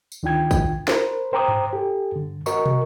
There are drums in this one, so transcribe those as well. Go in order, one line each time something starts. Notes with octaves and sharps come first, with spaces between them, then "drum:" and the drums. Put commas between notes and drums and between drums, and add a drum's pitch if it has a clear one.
drum: tambourine
D2 D#3 D4 F4 G5 G#6
drum: kick A1, tambourine
A#4 C5, drum: snare
C5 G5 A#5 D6 D#6
drum: tom G2
G4 A4
G2 D3
F#4 A#4 D#5 C#6, drum: tambourine
drum: tom